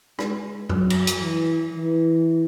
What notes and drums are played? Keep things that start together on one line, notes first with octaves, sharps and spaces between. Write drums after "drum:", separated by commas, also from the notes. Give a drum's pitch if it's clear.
G#3, drum: rim click
F#3, drum: tom F#2
drum: cymbal
drum: hi-hat
E3
E3